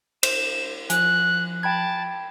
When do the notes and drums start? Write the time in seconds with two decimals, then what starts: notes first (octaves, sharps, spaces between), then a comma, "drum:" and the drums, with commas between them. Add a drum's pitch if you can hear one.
0.23 C5 E7, drum: cymbal
0.90 F3 G#5 F#6, drum: hi-hat
1.63 G5 A5 B5 G#6